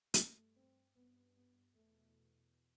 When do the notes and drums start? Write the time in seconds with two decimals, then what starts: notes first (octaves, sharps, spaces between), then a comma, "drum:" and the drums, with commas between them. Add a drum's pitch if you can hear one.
0.14 G2 A3, drum: hi-hat
0.56 C4
0.96 G2 B3
1.36 B3
1.77 E2 B2 A3